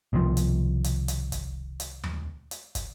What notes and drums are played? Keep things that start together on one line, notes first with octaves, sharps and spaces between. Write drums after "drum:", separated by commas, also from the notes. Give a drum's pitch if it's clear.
C2 B2 D#3 F3
drum: hi-hat
drum: hi-hat
drum: hi-hat
drum: kick, hi-hat
drum: hi-hat
drum: tom D#2
drum: hi-hat
drum: kick, hi-hat